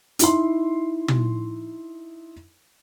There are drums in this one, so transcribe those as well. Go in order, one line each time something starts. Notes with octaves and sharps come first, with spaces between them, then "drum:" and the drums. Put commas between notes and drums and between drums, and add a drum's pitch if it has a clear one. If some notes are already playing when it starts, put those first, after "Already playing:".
D#4 E4 C6, drum: hi-hat
drum: tom